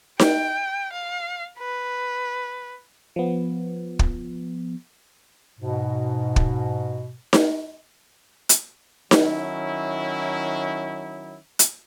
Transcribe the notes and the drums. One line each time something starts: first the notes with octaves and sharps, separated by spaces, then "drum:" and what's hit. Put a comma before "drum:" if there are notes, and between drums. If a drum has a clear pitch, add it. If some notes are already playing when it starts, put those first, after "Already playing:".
G5, drum: snare D#4
F5
B4
F3 B3
drum: kick
G#2 B2
drum: kick
drum: snare D#4
drum: hi-hat
D#3 F#3 C#4 E4, drum: snare D#4
drum: hi-hat